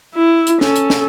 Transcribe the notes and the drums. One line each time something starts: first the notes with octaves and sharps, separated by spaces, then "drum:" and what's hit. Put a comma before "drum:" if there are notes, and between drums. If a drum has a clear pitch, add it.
E4
drum: hi-hat
C#4 A4, drum: snare
drum: hi-hat
drum: snare